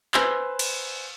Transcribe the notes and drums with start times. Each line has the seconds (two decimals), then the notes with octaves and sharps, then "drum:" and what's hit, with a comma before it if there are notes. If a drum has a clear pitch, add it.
0.14 B4 C5 G#5 C6 E6, drum: clap
0.59 drum: cymbal